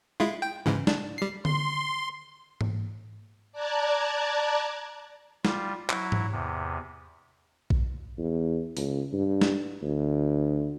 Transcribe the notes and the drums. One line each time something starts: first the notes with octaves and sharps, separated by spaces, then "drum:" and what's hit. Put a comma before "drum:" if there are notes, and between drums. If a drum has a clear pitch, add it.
G#3 E4 F4
G5
G#2 C#3 E3
D4, drum: snare
G3 C7
C6, drum: tom D3
drum: tom G#2
D5 A5 A#5 F#6 G#6
G3 F4, drum: snare
F#3 E4, drum: clap
drum: tom G#2
E2 C3
drum: kick A#1
E2
C#2, drum: open hi-hat
G2
drum: snare
D2